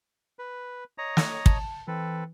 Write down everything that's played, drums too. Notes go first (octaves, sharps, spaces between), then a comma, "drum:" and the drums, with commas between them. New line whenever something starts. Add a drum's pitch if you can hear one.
B4
C#5 D#5 A#5
drum: snare
A5, drum: kick
E3 C4 A4 B4